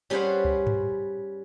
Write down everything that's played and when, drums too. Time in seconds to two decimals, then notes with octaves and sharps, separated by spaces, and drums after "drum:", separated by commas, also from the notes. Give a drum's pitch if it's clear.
0.10 G3 C#4 G#4 B4 C5 F#5
0.45 drum: kick
0.67 drum: tom G2